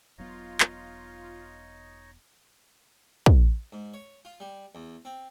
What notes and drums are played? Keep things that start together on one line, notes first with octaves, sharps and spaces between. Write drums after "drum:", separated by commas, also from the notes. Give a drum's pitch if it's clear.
E1 F#3 B3 D#4 F4 C#5 D#5
drum: clap
drum: kick
G#2
C#5
F4
G3
E2
C4